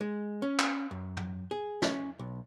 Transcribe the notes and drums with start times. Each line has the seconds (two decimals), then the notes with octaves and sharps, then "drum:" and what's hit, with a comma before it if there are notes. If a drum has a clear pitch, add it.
0.01 G#3
0.42 C#4
0.59 drum: clap
0.91 F#2
1.17 drum: tom
1.51 G#4
1.82 C#4, drum: snare
2.19 B1